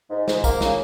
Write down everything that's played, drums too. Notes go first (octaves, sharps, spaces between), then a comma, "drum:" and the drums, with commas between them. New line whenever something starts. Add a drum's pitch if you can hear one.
G#2
G#2, drum: snare
A#3, drum: kick, tambourine
C#3, drum: snare